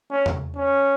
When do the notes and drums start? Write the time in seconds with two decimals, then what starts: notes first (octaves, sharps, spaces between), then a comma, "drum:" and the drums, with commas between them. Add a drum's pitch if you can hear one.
0.11 C#4
0.26 drum: tom E2
0.56 C#4